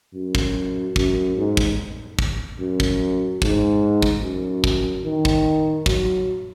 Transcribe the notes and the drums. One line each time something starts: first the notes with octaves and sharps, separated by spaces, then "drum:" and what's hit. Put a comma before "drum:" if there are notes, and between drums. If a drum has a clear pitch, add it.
F#2
drum: kick
F#2, drum: kick
G#2
drum: kick
drum: kick
F#2
drum: kick
G#2, drum: kick
drum: kick
F#2
drum: kick
D#3
drum: kick
F#3, drum: kick